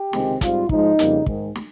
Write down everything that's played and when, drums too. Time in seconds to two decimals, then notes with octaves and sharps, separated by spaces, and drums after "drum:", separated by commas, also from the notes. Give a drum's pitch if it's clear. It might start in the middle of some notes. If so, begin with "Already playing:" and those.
Already playing: G4
0.13 C#2 C3 D#3 G#3 C4, drum: snare
0.41 G#2 G3 C4 F4, drum: kick, hi-hat
0.69 G#2 F3 G#3 D#4, drum: kick
0.99 F2 C#3 G3 A#3, drum: hi-hat
1.26 G#2 D#3 G#3, drum: kick
1.56 drum: snare